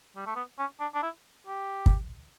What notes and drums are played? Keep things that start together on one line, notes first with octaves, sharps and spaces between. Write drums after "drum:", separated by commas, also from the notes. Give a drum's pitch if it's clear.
G3
A3
B3
C#4
D4
D4
E4
G4
drum: kick